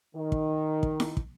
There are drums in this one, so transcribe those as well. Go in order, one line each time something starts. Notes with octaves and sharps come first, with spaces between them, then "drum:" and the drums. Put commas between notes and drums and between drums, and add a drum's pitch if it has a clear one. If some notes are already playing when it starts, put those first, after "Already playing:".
D#3
drum: kick
drum: kick
drum: snare E4
drum: kick